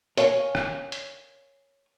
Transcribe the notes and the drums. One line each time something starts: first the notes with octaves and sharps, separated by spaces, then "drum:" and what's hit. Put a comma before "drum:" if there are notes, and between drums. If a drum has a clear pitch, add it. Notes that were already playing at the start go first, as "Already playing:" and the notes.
A#4 C#5 F5 G#5, drum: hi-hat
drum: rim click
drum: hi-hat